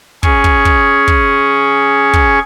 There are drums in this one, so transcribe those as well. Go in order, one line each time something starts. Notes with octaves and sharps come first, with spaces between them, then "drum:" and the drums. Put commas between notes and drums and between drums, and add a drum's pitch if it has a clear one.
C#4 G#4 C#6, drum: kick
drum: kick
drum: kick
drum: kick
drum: kick